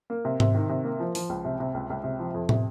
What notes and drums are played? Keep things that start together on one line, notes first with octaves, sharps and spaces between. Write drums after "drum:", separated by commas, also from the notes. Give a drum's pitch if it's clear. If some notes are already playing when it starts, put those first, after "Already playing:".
A#3
C3
C3, drum: tom G#2
D#3
C3
A#3
F3
F3, drum: open hi-hat
C#2
C3
C3
C#2
C#2
C3
F3
F2
C3, drum: tom